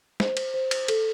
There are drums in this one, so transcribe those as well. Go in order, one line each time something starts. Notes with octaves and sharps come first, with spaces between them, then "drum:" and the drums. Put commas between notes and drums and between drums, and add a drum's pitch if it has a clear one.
C5, drum: snare
drum: cymbal
C5
drum: cymbal
A4, drum: cymbal